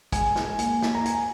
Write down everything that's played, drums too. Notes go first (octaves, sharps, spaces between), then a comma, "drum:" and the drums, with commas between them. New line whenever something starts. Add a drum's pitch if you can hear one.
G#3 G#5, drum: kick, hi-hat
drum: snare
A#3 G#5, drum: hi-hat
drum: snare
A#5
G#5, drum: hi-hat